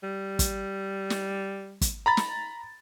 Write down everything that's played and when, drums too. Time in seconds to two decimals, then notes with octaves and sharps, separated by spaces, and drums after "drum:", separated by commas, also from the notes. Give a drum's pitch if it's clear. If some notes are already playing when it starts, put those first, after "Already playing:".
0.03 G3
0.39 drum: kick, hi-hat
1.10 drum: snare
1.81 drum: kick, hi-hat
2.06 A#5 B5 A6
2.17 drum: snare